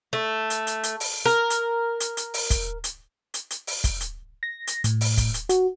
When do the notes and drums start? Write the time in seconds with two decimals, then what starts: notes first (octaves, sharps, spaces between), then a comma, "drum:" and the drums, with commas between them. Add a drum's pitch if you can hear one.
0.13 A3
0.50 drum: hi-hat
0.67 drum: hi-hat
0.83 drum: hi-hat
1.00 drum: open hi-hat
1.25 A#4
1.50 drum: hi-hat
2.00 drum: hi-hat
2.17 drum: hi-hat
2.34 drum: open hi-hat
2.50 drum: kick, hi-hat
2.84 drum: hi-hat
3.34 drum: hi-hat
3.51 drum: hi-hat
3.67 drum: open hi-hat
3.84 drum: kick, hi-hat
4.01 drum: hi-hat
4.43 A#6
4.67 drum: hi-hat
4.84 A2, drum: hi-hat
5.01 drum: open hi-hat
5.17 drum: kick, hi-hat
5.34 drum: hi-hat
5.49 F#4, drum: hi-hat